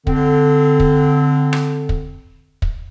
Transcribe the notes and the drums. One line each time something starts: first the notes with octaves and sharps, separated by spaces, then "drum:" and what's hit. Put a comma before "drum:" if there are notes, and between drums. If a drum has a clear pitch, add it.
D3 C4, drum: kick
drum: kick
drum: rim click
drum: kick
drum: kick